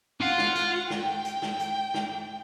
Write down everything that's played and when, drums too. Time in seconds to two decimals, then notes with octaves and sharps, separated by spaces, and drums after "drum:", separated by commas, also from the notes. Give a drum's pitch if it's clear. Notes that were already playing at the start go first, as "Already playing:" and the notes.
0.21 F4 F#5
0.38 drum: snare
0.55 F#5, drum: hi-hat
0.90 G5, drum: snare
1.25 drum: hi-hat
1.42 drum: snare
1.59 drum: hi-hat
1.94 drum: snare